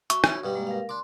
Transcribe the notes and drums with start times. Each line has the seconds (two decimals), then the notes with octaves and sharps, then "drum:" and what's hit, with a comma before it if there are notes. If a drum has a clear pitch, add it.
0.10 F#4 E5 C#6, drum: hi-hat
0.24 C#4 E4, drum: rim click
0.44 G2 B2 G3
0.55 G#3 A#3
0.67 A#4 F5
0.89 D4 C6 D6